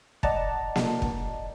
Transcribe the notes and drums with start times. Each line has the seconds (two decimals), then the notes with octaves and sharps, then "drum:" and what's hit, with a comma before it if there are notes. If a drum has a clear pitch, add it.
0.23 D5 D#5 F#5 A5 A#5, drum: kick
0.76 drum: snare A#3
1.02 drum: kick